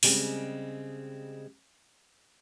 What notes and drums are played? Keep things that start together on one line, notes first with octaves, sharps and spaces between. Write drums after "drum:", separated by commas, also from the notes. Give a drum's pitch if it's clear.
C#3 G3 G#3 C4, drum: open hi-hat